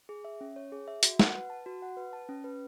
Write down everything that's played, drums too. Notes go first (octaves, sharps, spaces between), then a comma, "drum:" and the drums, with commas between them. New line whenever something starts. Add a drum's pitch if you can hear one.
G#4
E5
C#4
C#5
G#4
E5
F#4, drum: hi-hat
F#5, drum: snare
B4
A5
F#4
F#5
B4
A5
C#4
B4